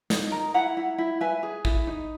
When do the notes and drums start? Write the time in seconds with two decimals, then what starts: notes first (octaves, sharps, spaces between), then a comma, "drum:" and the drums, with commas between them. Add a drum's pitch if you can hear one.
0.10 D#4, drum: snare
0.32 A#4
0.54 E4 F#5 A#5
0.77 E4
0.98 E4
1.21 B4 E5 G#5
1.43 G#4
1.65 E4, drum: kick
1.87 D#4